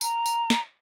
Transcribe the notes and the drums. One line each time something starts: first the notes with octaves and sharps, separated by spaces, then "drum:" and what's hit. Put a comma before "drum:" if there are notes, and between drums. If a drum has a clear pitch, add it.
A#5, drum: tambourine
drum: tambourine
drum: snare